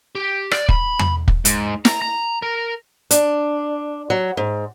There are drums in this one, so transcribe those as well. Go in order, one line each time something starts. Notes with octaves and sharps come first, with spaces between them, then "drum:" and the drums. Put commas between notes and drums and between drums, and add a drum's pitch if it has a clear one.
G4
D5, drum: rim click
B5, drum: kick
drum: tom E2
drum: kick
G#2, drum: hi-hat
A#5, drum: snare
A#5
A#4
D4, drum: hi-hat
F#3
G#2